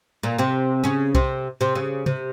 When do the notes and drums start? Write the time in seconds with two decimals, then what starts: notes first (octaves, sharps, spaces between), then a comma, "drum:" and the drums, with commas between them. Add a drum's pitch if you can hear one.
0.23 A#2 A#3
0.39 C3 C4
0.84 C#3 C#4
1.15 C3 C4, drum: kick B1
1.61 C3 C4
1.75 C#3
2.06 C3, drum: tom C3